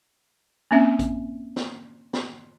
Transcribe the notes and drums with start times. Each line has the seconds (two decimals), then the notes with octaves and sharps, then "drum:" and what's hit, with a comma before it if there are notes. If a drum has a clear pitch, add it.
0.71 A#3 C4 C#4 E5
0.99 drum: kick A1, hi-hat
1.56 drum: snare
2.13 drum: snare